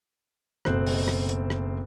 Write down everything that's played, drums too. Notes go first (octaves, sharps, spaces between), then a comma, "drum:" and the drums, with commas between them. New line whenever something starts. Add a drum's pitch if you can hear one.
F#1 B2 A3 C4 C5 F#6, drum: rim click
drum: open hi-hat
drum: rim click
drum: hi-hat
drum: rim click